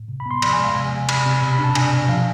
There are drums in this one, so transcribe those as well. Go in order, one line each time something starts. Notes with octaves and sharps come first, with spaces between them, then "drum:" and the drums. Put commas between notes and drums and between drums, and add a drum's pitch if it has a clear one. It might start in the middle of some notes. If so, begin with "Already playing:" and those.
Already playing: A2
C3
B5
B3
C6
F3 B5, drum: cymbal
G#5
G#3
F5
C3 G#5
C3
C3 B5, drum: cymbal
C3
B2 B5
B5
D4
A5
D4 G#5, drum: cymbal
B2
F3 F5